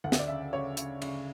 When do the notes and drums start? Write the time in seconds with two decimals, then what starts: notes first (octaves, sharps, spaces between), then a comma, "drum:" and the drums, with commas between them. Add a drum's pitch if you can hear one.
0.04 D2 F#5
0.12 E5, drum: snare
0.19 D5
0.28 C#3 E5
0.53 C#3 C#5
0.77 C#3, drum: hi-hat
1.02 C#3, drum: cymbal